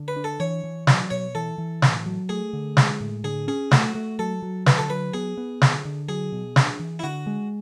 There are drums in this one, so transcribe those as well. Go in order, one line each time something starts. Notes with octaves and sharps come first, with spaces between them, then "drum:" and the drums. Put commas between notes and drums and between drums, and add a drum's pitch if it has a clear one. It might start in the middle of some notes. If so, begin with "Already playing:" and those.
Already playing: D3
B4
D4
A4
E3 C#5
E3
F#3 D5, drum: snare
B2 C#5
E3 A4
E3
A2, drum: snare
F#3
A3 G#4
D3
G#3, drum: snare
A2
D3 G#4
C#4 G#4
A3 F#4, drum: snare
A3
F#3 A4
F#3
D3 B4, drum: snare
A4
F#3 B4
B3 G#4
B3
D3, drum: snare
D3
F#3 G#4
B2
D4, drum: snare
E3
E4
D3 F#4
G#3